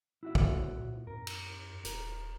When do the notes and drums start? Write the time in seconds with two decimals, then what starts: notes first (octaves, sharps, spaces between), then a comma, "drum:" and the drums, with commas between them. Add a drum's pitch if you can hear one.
0.23 E4 F#4 E5
0.35 C2, drum: kick
0.80 A#2
1.07 F#2 A#4
1.27 drum: cymbal
1.85 D#1 A#4, drum: hi-hat